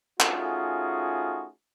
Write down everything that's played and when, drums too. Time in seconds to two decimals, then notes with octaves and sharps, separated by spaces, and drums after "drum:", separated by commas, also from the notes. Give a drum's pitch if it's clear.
0.20 A3 C#4 D#4 F4 F#4 G#4, drum: clap